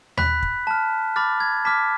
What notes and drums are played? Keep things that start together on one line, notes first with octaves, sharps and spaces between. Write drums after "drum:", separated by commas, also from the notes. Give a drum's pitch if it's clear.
B5 F#6 B6, drum: tom D#2
drum: kick
A5 F6
B5 D6 F6 A6
G#6
A5 D6 F6 B6